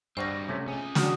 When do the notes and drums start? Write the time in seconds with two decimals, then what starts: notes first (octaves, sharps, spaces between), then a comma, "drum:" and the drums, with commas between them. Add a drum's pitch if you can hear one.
0.17 G2 G3 C4 F#4 C5 C#6 A#6
0.49 C3 A3 C#4
0.68 C#4 G#4 D#5
0.95 D4 F#4 D#6, drum: snare